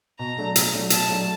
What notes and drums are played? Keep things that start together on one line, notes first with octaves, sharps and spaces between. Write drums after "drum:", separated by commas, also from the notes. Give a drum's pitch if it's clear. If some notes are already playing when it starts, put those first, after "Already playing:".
B2 A#5
F#3 A3 D4
B2, drum: hi-hat
F#3 A3 D4
B2 A5, drum: hi-hat
F#3 A3 D4